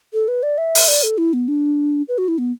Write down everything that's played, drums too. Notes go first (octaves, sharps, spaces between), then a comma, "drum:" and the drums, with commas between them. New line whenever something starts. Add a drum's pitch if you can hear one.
A4
B4
D5
E5
drum: open hi-hat
D5
A4
E4
B3
D4
B4
F#4
E4
B3